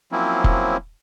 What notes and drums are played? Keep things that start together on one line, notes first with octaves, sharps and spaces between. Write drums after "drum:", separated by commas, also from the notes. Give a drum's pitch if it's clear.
F3 F#3 A#3 C4 C#4 E4
drum: kick F1